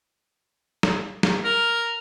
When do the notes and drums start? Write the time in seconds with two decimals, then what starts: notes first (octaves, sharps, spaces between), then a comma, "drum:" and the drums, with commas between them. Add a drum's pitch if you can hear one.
0.83 drum: snare
1.23 drum: snare
1.45 A#4